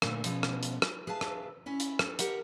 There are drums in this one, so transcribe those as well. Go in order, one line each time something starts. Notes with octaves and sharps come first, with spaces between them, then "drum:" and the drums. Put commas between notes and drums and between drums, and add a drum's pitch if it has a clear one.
A#2 D3 D#3 A3 A#3, drum: rim click
B2 F3 G#3 B3 C#4, drum: hi-hat
drum: rim click
drum: hi-hat
drum: rim click
G#4 B4 E5 F5 A5
drum: rim click
C#4 E4 E5
drum: hi-hat
A4, drum: rim click
G4 A#4 F#5, drum: hi-hat